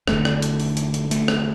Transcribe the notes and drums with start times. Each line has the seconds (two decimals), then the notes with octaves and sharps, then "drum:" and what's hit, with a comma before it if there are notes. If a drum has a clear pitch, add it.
0.08 E1 E2 D3 A3, drum: rim click
0.25 drum: rim click
0.42 drum: hi-hat
0.60 drum: open hi-hat
0.77 drum: hi-hat
0.94 drum: hi-hat
1.11 A3, drum: hi-hat
1.28 drum: rim click